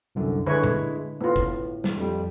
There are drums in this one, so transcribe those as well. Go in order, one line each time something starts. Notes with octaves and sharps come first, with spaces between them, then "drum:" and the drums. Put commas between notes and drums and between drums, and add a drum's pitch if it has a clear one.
C2 F#2 D3
D3 G#3 E4 B4 C#5
drum: tom
A2 B3 F4
drum: kick
drum: snare
F2 G3